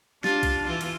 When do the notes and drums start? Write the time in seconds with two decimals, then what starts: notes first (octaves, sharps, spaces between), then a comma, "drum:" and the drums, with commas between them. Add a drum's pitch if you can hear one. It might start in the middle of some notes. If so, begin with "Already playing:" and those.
0.24 D4 F4 G4 A6, drum: snare
0.43 drum: kick B1, cymbal
0.66 E3 F4
0.81 drum: cymbal